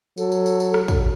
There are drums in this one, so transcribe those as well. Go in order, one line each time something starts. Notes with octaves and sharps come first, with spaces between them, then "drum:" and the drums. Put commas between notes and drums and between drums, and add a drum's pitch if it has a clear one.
F#3 A4, drum: tambourine
drum: tambourine
drum: tambourine
drum: tambourine
drum: rim click
drum: kick, tambourine